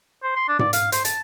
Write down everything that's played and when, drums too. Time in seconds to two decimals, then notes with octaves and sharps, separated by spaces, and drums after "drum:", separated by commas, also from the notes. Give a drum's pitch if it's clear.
0.23 C5
0.36 C6
0.48 D4
0.59 D5, drum: tom G#2
0.73 F5, drum: hi-hat
0.92 C5, drum: hi-hat
1.05 A5, drum: hi-hat